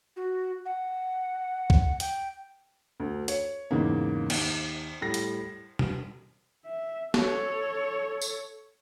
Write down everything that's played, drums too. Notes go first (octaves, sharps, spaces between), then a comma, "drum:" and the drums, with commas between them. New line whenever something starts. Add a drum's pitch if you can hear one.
F#4
F#5
drum: kick
G5, drum: hi-hat
D2
C#5, drum: hi-hat
E2 G#2 C#3 A#3
D#2, drum: cymbal
A2 G3 A#6
drum: hi-hat
drum: tom
E5
A4 C#5, drum: snare
drum: tambourine